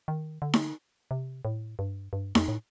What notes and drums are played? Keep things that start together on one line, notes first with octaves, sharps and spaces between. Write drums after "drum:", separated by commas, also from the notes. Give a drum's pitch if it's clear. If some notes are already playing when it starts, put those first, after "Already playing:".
D#3
D3
drum: snare D#4
C3
A2
G2
G2
F2, drum: snare D#4
A2